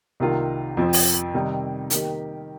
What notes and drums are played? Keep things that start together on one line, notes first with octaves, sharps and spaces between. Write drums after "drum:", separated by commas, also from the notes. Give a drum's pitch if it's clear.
C2 C3 D#3 A#3 F4
F2 F3 C4
drum: open hi-hat
C3 D#3 G3 D#4
D#3 A#3 D#4 G4, drum: hi-hat